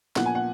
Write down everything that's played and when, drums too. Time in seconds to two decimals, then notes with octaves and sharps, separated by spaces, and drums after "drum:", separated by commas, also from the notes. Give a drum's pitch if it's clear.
0.16 A#2 F3 B3 F#5, drum: snare
0.26 G#5
0.35 F#5